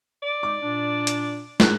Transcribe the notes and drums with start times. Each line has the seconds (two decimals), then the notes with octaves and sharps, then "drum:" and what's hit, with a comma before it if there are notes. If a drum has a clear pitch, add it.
0.23 D5
0.43 G#3 D#4 D6
0.62 A#2 D4
1.07 drum: hi-hat
1.60 G#2 D4 A#4 F#6, drum: snare